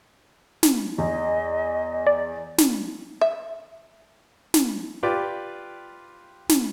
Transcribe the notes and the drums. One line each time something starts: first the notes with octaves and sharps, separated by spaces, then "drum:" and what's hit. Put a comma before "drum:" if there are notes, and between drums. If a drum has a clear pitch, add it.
drum: snare
E2 D#5
D5
drum: snare
E5
drum: snare
F4 G4 B4 D5 G5
drum: snare